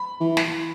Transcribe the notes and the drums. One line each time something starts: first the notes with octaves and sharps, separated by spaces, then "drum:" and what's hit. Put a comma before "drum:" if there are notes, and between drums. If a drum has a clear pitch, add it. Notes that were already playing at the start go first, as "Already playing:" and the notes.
Already playing: B5
E3
drum: snare